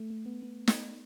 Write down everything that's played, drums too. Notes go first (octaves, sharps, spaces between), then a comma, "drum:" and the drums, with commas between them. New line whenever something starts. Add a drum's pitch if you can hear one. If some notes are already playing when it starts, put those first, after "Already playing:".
Already playing: A3
A3
B3
B3
drum: snare